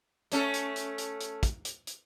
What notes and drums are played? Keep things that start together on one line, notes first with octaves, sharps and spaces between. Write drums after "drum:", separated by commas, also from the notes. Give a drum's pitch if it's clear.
A3 C#4 A4, drum: hi-hat
drum: hi-hat
drum: hi-hat
drum: hi-hat
drum: hi-hat
drum: kick, hi-hat
drum: hi-hat
drum: hi-hat